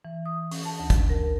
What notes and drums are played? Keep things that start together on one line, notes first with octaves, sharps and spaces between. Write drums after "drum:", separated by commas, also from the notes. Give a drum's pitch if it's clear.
E3
D#6
C#4, drum: open hi-hat
A5
D2
drum: kick, hi-hat
A#4